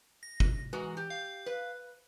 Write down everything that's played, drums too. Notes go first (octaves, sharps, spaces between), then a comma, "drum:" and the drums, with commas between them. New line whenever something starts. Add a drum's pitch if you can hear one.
A#6
drum: kick
E3 G#3 F#4 A#4
G4
F5
B4